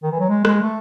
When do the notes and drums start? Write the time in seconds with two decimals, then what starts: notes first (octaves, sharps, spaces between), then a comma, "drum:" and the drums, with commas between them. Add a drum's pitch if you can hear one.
0.03 D#3
0.12 E3
0.20 F#3
0.29 G#3
0.45 G#3, drum: rim click
0.62 A3